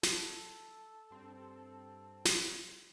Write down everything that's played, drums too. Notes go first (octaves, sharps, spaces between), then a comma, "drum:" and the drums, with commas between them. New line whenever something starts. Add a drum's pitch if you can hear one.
A4, drum: snare
G2 C4
drum: snare